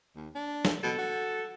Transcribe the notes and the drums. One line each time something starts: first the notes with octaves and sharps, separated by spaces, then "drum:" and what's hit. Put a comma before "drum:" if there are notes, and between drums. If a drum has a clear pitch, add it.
D#2
D4
drum: snare
B2 A4
F#4